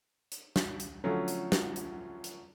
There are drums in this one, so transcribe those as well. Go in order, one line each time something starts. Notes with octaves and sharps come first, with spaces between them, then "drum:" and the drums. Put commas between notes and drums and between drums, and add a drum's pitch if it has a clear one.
drum: hi-hat
drum: snare
drum: hi-hat
D3 F3 F#3 A3 C#4
drum: hi-hat
drum: snare
drum: hi-hat
drum: hi-hat